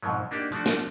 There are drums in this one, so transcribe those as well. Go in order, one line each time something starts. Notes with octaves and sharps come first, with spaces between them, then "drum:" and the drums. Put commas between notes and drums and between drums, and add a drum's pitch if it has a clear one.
F2 G#2 B2 F3 F#3
A#3 D4 D#4 F#4 G4
F3 A3 D4 F#4, drum: hi-hat
drum: snare